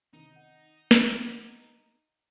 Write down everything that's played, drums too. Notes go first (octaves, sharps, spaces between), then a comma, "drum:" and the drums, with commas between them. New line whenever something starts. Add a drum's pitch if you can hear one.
C3 D#3 D#4
F#5
drum: snare